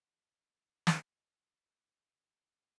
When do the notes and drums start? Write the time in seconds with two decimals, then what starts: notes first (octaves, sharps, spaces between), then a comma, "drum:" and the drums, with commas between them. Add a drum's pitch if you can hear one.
0.05 G3 C#4 F#4 C#5
0.87 drum: snare